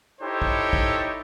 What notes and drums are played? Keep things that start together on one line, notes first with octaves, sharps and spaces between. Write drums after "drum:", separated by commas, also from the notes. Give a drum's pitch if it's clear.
D#4 E4 G4 A4 C5 C#5
drum: kick
drum: kick